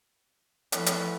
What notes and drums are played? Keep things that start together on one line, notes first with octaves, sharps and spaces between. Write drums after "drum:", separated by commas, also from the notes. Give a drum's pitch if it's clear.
E3 F3 A3 F#5 B5, drum: hi-hat
drum: hi-hat